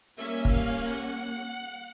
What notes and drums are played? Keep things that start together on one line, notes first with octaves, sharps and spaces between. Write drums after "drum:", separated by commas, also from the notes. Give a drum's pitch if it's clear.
G3 A#3 C#4 E5
drum: kick
F5
F#5